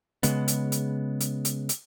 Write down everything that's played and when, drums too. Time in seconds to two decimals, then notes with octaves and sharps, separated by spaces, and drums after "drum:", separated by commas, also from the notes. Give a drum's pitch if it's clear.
0.23 C#3 G#3 B3, drum: hi-hat
0.48 drum: hi-hat
0.72 drum: hi-hat
1.20 drum: hi-hat
1.45 drum: hi-hat
1.69 drum: hi-hat